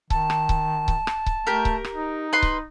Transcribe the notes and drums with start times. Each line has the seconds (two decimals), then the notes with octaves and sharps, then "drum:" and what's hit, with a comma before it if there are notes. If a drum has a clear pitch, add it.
0.10 D#3 A5, drum: kick C#1
0.30 drum: rim click
0.49 drum: kick C#1
0.88 drum: kick C#1
1.07 drum: rim click
1.26 drum: kick C#1
1.47 A3 G4 A#4
1.65 drum: kick C#1
1.84 drum: rim click
1.95 D#4
2.33 B4 C6
2.43 drum: kick C#1